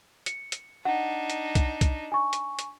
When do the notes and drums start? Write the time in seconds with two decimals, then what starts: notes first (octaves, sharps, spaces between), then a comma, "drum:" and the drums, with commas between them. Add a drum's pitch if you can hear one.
0.26 C#7, drum: hi-hat
0.52 drum: hi-hat
0.85 D4 D#4 F#5
1.30 drum: hi-hat
1.55 drum: kick C2, hi-hat
1.81 drum: kick C2, hi-hat
2.12 G#5 C#6
2.33 drum: hi-hat
2.59 drum: hi-hat